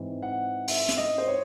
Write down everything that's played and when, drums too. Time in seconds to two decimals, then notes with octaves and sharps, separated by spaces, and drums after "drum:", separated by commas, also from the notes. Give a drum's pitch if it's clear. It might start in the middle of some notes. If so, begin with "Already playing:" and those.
Already playing: G#2 E3 C4
0.22 F#5
0.68 E5, drum: open hi-hat
0.89 E5, drum: hi-hat
0.97 D#5
1.18 C5
1.28 C#5